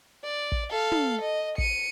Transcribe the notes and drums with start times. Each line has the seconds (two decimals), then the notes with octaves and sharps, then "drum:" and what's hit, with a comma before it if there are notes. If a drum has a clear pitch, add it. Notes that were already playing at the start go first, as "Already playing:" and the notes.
0.24 D5
0.52 drum: kick
0.70 A4 F5
0.92 drum: tom
1.22 D#5
1.58 C#7 D#7, drum: kick